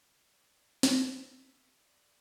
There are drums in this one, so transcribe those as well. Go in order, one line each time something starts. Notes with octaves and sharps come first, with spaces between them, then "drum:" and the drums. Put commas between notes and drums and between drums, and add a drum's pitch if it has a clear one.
D5
drum: snare
E5
E5
D5